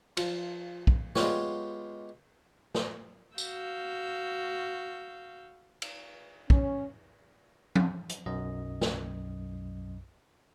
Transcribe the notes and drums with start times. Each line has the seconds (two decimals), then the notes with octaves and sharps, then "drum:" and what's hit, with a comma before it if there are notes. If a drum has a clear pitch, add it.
0.17 F3, drum: cymbal
0.87 drum: kick
1.15 G#3 B3 F4 G4 C#5, drum: snare
2.75 drum: snare
3.38 F#4 F5 E6 G6, drum: tambourine
5.82 drum: cymbal
6.50 C#4, drum: kick
7.75 drum: tom F3
8.10 drum: hi-hat
8.26 B1 F#2 D#5
8.81 drum: snare